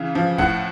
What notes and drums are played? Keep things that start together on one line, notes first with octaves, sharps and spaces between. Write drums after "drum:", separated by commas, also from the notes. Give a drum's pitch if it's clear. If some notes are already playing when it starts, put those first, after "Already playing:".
Already playing: C#3 E3 F5
F3
A2 F#5, drum: kick A#1